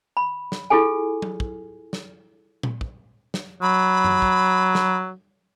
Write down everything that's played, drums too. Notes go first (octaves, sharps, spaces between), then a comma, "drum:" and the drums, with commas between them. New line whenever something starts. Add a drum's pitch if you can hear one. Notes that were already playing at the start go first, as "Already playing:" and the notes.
B5
drum: snare
E4 F4 G#4 A4 G#5
drum: tom F#3
drum: kick
drum: snare
drum: tom A#2
drum: kick
drum: snare
F#3 B5
drum: tom F#2
drum: kick
drum: snare